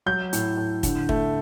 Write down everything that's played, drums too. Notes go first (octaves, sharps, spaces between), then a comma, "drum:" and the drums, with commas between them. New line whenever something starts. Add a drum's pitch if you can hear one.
F#3 G6
A2, drum: hi-hat
A2
D3, drum: kick, hi-hat
A3, drum: kick